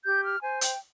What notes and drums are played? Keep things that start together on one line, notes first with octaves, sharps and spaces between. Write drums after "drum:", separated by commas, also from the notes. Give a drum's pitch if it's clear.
G4 G6
F6
C5 G#5
G5, drum: hi-hat